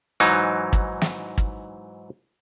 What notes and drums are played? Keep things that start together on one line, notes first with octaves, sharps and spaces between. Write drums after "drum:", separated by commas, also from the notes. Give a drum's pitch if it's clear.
G#2 E3 F#3 D#4, drum: hi-hat
drum: kick
drum: snare
drum: kick